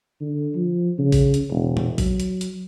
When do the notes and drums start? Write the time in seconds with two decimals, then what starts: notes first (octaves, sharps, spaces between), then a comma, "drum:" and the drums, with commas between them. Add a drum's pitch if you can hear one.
0.21 D3
0.55 F3
0.99 C#3
1.12 drum: kick, open hi-hat
1.34 drum: hi-hat
1.51 E1
1.77 drum: tom A#2
1.98 F#3, drum: kick, open hi-hat
2.20 drum: hi-hat
2.41 drum: hi-hat